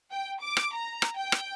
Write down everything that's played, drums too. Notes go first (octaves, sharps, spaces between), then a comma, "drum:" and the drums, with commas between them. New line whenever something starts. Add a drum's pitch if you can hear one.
G5
D6
drum: rim click
A#5
drum: rim click
G5
drum: rim click